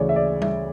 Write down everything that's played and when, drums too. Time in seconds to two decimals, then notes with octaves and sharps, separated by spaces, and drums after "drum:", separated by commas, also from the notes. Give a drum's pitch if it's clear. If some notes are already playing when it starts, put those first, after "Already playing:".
Already playing: D2 C#3 E3 C#5 D5
0.09 E5
0.16 D5
0.42 E5, drum: tom G3